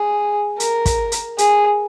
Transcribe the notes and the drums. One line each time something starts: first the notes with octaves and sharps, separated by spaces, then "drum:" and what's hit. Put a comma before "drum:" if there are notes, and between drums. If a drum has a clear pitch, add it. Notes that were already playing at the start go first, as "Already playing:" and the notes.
Already playing: G#4
A#4, drum: hi-hat
drum: kick, hi-hat
drum: hi-hat
G#4, drum: hi-hat